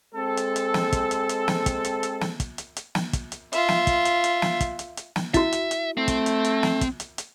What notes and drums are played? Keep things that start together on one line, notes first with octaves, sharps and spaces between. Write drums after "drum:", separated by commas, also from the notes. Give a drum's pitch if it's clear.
G#3 C4 A4
drum: hi-hat
drum: hi-hat
drum: snare
drum: kick, hi-hat
drum: hi-hat
drum: hi-hat
drum: snare
drum: kick, hi-hat
drum: hi-hat
drum: hi-hat
drum: snare
drum: kick, hi-hat
drum: hi-hat
drum: hi-hat
drum: snare
drum: kick, hi-hat
drum: hi-hat
F4 E5, drum: hi-hat
drum: snare
drum: kick, hi-hat
drum: hi-hat
drum: hi-hat
drum: snare
drum: kick, hi-hat
drum: hi-hat
drum: hi-hat
drum: snare
E4 F#4 E5, drum: kick, hi-hat
drum: hi-hat
drum: hi-hat
A3 C4
drum: kick, hi-hat
drum: hi-hat
drum: hi-hat
drum: snare
drum: kick, hi-hat
drum: hi-hat
drum: hi-hat